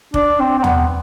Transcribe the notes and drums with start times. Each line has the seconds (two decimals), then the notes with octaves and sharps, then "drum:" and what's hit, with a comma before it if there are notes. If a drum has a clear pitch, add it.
0.14 D4, drum: kick F1
0.39 C4
0.58 C4
0.64 B3, drum: tom